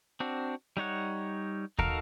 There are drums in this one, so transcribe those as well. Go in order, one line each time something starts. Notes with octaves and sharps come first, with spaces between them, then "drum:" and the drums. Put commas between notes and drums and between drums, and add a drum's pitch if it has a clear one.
C4 D4 F#4
G3 D#4 C#5 F#5
D#4 F#4 A4 A#4 F5, drum: kick